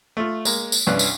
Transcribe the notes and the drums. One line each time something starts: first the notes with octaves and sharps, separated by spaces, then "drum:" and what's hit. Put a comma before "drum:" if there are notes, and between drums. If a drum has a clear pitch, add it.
A3 F4
G#3 A#3, drum: tambourine
drum: tambourine
C2 G2 E3 C#4 D5 F#6
drum: tambourine